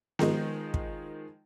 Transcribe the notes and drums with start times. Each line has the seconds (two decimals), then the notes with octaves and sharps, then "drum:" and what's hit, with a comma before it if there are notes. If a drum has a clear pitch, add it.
0.19 D#3 F3 G#3 D#4, drum: snare B3
0.74 drum: kick